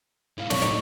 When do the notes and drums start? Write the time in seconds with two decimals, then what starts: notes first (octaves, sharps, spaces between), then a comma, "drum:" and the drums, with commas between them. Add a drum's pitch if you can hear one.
0.38 G#2 B2 E4 F5
0.50 B2 A#3 D4 E4 C#5 C#6, drum: snare
0.62 A2 F#3 G3 D#4 C#5 D5